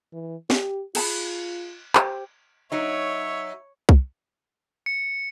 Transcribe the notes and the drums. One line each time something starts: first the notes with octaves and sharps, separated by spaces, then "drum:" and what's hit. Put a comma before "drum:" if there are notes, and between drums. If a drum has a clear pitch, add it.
E3
G4, drum: snare
F4 G#4 A5 B5, drum: cymbal
G4 C5, drum: clap
F#3 D#4 C#5 E5
drum: kick C2
C#7